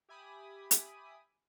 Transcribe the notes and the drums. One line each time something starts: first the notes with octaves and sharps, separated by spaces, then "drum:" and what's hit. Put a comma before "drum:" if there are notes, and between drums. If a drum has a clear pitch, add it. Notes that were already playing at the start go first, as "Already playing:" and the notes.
G4 E5 G#5 B5 D6 D#6
drum: hi-hat